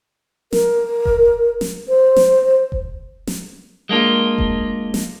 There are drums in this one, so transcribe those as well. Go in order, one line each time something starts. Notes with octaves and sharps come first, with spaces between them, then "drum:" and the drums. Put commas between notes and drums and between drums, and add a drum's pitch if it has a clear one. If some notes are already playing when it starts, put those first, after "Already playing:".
A#4, drum: snare
drum: kick F1
drum: snare
C5
drum: snare
drum: kick F1
drum: snare
G#3 A#3 D4 F4
drum: kick F1
drum: snare